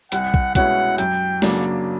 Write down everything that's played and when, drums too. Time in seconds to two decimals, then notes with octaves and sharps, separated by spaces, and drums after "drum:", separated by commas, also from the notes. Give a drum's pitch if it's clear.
0.12 C2 F#5, drum: hi-hat
0.34 drum: kick
0.55 B2 G#3 C#4 E4 F#5, drum: kick, hi-hat
0.98 F#2 G5, drum: hi-hat
1.42 C#3 F#3 A#3 D4, drum: snare